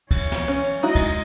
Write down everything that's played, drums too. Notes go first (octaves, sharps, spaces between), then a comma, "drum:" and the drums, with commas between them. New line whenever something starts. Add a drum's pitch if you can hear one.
E3 C#5, drum: kick, cymbal
drum: snare
C#4
G#3 D#4 E4 F#4 D#5
drum: kick, cymbal